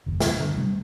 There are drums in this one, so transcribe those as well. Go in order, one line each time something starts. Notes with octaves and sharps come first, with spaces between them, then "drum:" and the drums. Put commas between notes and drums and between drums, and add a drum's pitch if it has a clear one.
F#1 D#2
B2, drum: snare
G2 D3
C3 G3 A3